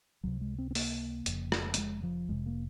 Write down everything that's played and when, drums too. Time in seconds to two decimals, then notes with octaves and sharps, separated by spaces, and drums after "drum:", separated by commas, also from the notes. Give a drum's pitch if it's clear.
0.24 C#2 C3 F#3
0.41 G#3
0.58 C4
0.71 C4
0.75 A#3, drum: open hi-hat
1.26 F1 F2 C#3, drum: hi-hat
1.52 drum: rim click
1.74 A#3, drum: hi-hat
1.77 G#3
2.03 F3
2.28 F1 F2 C3 G#3
2.46 A#3